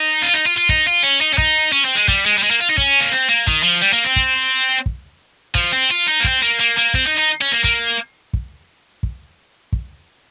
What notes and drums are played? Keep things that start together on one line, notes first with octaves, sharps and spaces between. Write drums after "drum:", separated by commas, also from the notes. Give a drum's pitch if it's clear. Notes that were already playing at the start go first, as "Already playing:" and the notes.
Already playing: D#4
F4
D#4
F4
F4
D#4, drum: kick
F4
C#4
D#4
C#4
D#4, drum: kick
C#4
C4
G#3
G3, drum: kick
G#3
G3
G#3
A#3
F4
D#4
C#4, drum: kick
A#3
C4
A#3
D#3, drum: kick
F3
G3
A#3
C4
drum: kick
drum: kick
F3, drum: kick
C4
F4
D#4
A#3
C4, drum: kick
A#3
A#3
A#3
C4, drum: kick
D#4
D#4
C#4
A#3
A#3, drum: kick
drum: kick
drum: kick
drum: kick